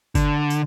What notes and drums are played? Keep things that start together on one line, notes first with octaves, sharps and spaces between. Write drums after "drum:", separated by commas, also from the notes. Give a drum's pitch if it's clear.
D3, drum: kick G1, tambourine
drum: tambourine